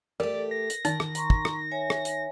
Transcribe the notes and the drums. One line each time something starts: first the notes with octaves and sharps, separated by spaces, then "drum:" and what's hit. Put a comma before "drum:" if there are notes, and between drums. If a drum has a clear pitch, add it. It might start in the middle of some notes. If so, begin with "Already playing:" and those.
A3 G4 A#4 D5
A#6
drum: hi-hat
D#3 D#4, drum: hi-hat
drum: rim click
A#5 C6 C#6, drum: hi-hat
drum: kick
drum: rim click
C#5 E5 G#5
drum: rim click
drum: hi-hat